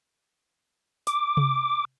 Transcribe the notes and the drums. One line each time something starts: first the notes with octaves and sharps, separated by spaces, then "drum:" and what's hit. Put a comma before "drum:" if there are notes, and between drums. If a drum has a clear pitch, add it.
D6, drum: hi-hat
drum: tom C3